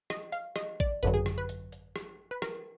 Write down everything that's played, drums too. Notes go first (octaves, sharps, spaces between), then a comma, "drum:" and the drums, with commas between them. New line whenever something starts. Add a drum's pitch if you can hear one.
D#5, drum: rim click
F5, drum: hi-hat
D#5, drum: rim click
D5, drum: kick A1
G#1 F#2 D3 F#3 B4, drum: hi-hat
G#4
drum: rim click
B4
drum: hi-hat
drum: hi-hat
drum: rim click
B4
A#4, drum: rim click